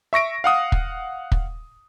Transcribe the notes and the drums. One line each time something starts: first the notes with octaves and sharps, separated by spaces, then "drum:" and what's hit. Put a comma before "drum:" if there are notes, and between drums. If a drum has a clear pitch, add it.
E5 C#6 A#6 D7
F5 F#5 D#6
drum: kick
drum: kick